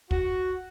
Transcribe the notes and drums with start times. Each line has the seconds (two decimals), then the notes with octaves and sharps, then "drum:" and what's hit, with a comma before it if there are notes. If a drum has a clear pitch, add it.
0.11 F#4, drum: kick